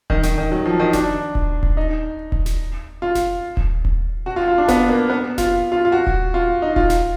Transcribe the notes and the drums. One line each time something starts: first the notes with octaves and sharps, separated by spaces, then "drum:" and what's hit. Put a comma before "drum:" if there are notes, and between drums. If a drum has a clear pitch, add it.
D#3, drum: kick D#1
D#3, drum: snare F1
D#3
F#3
F3
D#3
D4, drum: snare F1
drum: kick D#1
drum: kick D#1
D#4
drum: kick D#1
drum: snare F1
F4
drum: snare F1
drum: kick D#1
drum: kick D#1
F#4
F4
F4
D4
B3, drum: snare F1
A#3
B3
F4, drum: snare F1
F4
F4
F#4
drum: kick D#1
F4
D#4
F4, drum: kick D#1
drum: snare F1